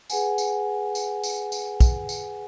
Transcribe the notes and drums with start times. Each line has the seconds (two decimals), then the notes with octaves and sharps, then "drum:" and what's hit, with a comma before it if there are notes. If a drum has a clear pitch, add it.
0.10 G#4 B4 F#5 G#5, drum: tambourine
0.38 drum: tambourine
0.95 drum: tambourine
1.23 drum: tambourine
1.52 drum: tambourine
1.80 drum: kick, tambourine
2.09 drum: tambourine